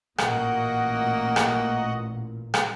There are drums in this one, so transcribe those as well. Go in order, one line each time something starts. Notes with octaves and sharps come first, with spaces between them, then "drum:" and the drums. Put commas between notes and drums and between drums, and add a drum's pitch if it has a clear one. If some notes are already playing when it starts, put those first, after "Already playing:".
A1 A#2 A#3 F#4 D#5 F#5, drum: rim click
drum: rim click
drum: rim click